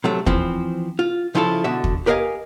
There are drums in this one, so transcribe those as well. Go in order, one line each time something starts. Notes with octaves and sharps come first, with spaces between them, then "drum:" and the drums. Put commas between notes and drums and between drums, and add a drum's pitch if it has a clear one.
C3 F#3 A3
E3 F3 C4, drum: kick
F4
C#3 F3 E4 F4 G4 A4
B2 D3 F#4 E5
drum: kick
G4 A#4 B4 D#5 F5 G#5